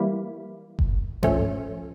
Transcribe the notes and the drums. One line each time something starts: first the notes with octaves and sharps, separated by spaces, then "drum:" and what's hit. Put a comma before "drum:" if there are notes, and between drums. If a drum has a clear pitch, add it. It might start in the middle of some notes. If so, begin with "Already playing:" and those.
Already playing: E3 G3 A#3 E4
drum: kick F#1
F3 A3 C#4, drum: tom G2